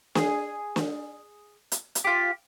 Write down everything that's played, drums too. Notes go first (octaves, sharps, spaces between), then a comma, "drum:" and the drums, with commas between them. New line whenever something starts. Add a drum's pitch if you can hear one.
G#4, drum: snare
drum: snare
drum: hi-hat
drum: hi-hat
F4 G4 B6